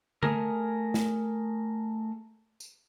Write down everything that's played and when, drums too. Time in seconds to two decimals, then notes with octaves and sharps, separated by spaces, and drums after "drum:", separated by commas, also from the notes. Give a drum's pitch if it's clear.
0.23 A3 G#4 A#4, drum: tom D3
0.94 drum: snare
2.60 drum: tambourine